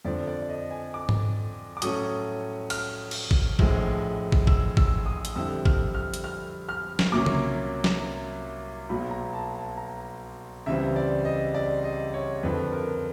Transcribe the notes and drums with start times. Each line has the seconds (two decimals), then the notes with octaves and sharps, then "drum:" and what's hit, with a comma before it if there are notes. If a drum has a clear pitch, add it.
0.05 F2 D3 F3 D5
0.27 D5
0.42 D5
0.49 D#5
0.71 G#5
0.94 D6
1.09 drum: tom G#2
1.77 D6
1.82 A2 F#3 A3 C#4 D#6, drum: hi-hat
2.70 F6, drum: cymbal
3.11 drum: cymbal
3.31 drum: kick
3.59 A#1 A2 F3 G#3, drum: kick
4.32 drum: kick
4.47 E6, drum: kick
4.77 E6, drum: kick
5.06 D#6
5.25 drum: hi-hat
5.36 F2 D3 G3 C4 E4 E6
5.65 F6, drum: kick
5.95 F6
6.14 drum: hi-hat
6.24 F6
6.69 F6
6.99 drum: snare
7.12 C2 A#2 F#3 A#3 C#4 D6
7.26 drum: tom C#3
7.84 drum: snare
8.89 B1 A#2 F#3 B3 B5
9.11 A#5
9.33 A5
9.55 A5
9.77 A#5
10.66 C#2 C#3 E3 G3 C4 E5
10.96 D5
11.25 D#5
11.54 D5
11.84 D#5
12.14 C#5
12.43 F2 D3 F3 B4
12.73 A#4